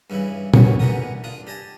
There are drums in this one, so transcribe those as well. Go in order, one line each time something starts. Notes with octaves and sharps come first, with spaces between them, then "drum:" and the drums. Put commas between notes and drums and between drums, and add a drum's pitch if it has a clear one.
G2 C#3 E3 E4
D3 E3 A#3 B3 C#5, drum: tom
D3 E3 B3 G4 A#4 D#6
D4 F4 D#6
G4 D#5 G#5 A5